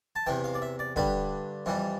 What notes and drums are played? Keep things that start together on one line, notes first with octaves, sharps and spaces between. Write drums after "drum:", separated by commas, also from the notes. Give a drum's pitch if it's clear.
A5
E2 C3 E3 G5
F5
D5
E5
D5
G2 D3 G3 B4, drum: kick
F2 E3 G3